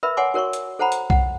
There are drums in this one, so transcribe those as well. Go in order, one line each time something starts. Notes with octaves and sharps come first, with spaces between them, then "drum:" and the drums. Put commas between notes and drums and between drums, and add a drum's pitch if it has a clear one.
A#4 B4 E5 B5
C#5 F#5 G#5 C6 D6
F#4 A#4 C#5 C6 C#6
drum: hi-hat
A4 C5 F#5 A#5 B5
drum: hi-hat
F#5, drum: kick C2